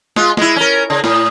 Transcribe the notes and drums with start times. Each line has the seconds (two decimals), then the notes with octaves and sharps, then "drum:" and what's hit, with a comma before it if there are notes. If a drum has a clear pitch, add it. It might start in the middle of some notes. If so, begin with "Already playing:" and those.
0.16 G#3 F4, drum: snare
0.37 G#3 E4, drum: snare
0.56 C#4 A#4
0.90 C#3
1.04 A2, drum: snare